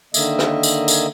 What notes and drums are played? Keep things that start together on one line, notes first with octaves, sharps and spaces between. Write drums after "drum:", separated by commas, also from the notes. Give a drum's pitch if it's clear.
D3 D#3 A#3 D#5 E5, drum: tambourine
drum: rim click
drum: tambourine
drum: tambourine